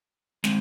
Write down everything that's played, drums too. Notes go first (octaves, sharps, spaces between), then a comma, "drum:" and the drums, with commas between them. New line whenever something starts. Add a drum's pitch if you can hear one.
G#3 C4, drum: snare